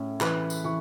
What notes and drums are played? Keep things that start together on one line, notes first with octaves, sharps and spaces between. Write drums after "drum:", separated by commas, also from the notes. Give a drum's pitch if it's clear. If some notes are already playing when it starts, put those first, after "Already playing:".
Already playing: A2 C#4
E3 B4 B5, drum: clap
drum: tambourine
E3 C#6